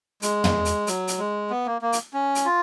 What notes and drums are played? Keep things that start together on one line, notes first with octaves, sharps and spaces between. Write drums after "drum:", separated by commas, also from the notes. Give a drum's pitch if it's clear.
G#3, drum: hi-hat
drum: tom
drum: hi-hat
F#3, drum: hi-hat
drum: hi-hat
G#3
B3
A#3
A#3
drum: hi-hat
C#4
drum: hi-hat
F4